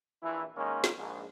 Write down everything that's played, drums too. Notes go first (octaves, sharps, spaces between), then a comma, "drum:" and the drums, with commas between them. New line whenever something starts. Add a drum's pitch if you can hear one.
A#1 E3 E4
D#3 G#3 A#3 C#4
drum: snare
A#1 G#2